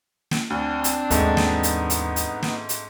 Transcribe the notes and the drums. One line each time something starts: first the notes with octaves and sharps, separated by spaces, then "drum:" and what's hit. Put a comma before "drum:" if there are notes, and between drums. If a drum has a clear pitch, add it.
drum: snare
D2 C4 D4
drum: hi-hat
D#2 G#2 E3 G#3 A3 B3 D#4, drum: hi-hat
drum: snare
drum: hi-hat
drum: hi-hat
drum: hi-hat
drum: snare
drum: hi-hat